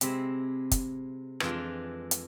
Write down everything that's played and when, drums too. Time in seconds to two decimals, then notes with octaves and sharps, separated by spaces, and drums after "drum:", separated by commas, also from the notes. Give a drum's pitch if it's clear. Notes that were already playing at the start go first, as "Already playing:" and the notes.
0.01 C3 G#3 C4 E4, drum: hi-hat
0.71 drum: kick, hi-hat
1.40 F2 E3 G#3 D4 F4, drum: rim click
2.11 drum: hi-hat